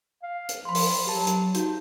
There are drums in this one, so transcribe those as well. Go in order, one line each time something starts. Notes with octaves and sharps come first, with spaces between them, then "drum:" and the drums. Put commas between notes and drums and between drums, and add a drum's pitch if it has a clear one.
F5
drum: hi-hat
F3 B5 C6
drum: open hi-hat
F#3 G4 A5
drum: hi-hat
D#4 F#4, drum: hi-hat